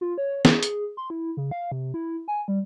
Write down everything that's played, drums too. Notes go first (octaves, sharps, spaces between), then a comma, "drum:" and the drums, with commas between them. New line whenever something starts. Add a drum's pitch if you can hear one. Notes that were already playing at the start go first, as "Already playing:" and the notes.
F4
C#5
G#4, drum: snare
drum: hi-hat
C6
E4
C#3
F5
C3
E4
G#5
G3